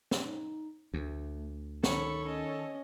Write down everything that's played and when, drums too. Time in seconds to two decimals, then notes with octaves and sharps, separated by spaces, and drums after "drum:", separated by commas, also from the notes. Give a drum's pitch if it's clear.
0.11 drum: snare
0.24 D#4
0.94 D2 A3
1.84 D#3 A4 C#5 B5 C#6, drum: snare
2.26 C#4 D#5